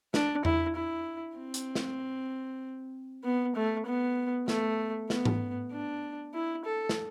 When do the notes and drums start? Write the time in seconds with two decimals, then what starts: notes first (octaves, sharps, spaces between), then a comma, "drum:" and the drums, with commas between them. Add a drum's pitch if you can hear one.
0.14 D4, drum: snare
0.45 E4, drum: tom E2
0.76 E4
1.38 C4
1.54 drum: hi-hat
1.75 drum: snare
3.24 B3
3.55 A3
3.86 B3
4.48 A3, drum: snare
5.10 B3, drum: snare
5.25 drum: tom G#2
5.72 D4
6.34 E4
6.65 A4
6.89 drum: snare